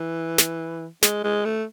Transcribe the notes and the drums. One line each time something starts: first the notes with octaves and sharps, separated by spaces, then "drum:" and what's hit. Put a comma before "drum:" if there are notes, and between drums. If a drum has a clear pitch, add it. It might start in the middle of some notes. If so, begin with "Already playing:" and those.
Already playing: E3
drum: snare
G#3, drum: snare
G#3
A3